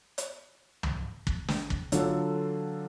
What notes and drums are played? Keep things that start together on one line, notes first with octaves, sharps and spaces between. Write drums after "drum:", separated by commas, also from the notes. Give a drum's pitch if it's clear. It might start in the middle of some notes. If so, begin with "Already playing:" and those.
drum: hi-hat
drum: tom
drum: kick
drum: snare
drum: kick
D3 F#3 F4 A4, drum: hi-hat